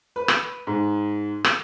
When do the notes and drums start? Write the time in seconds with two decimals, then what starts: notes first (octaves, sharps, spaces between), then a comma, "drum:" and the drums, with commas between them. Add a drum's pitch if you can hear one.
0.16 B4
0.28 drum: rim click
0.67 G#2
1.44 drum: rim click